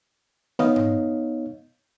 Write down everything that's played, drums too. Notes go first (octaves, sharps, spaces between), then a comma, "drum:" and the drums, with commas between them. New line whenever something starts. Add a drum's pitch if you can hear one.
B3 D#4 C#5 D#5 F5, drum: snare A3
drum: tom G#2